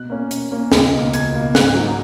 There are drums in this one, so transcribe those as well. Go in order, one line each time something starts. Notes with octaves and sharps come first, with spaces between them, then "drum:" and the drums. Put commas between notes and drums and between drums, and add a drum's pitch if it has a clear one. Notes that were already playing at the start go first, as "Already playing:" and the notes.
Already playing: B2 F#6
A#3 C#4
B2, drum: hi-hat
A#3 C#4
C#2, drum: snare
B2 A#3
C#2 G#6, drum: hi-hat
B2 A#3
G#2 F#6, drum: snare
F#3 A#3 D#4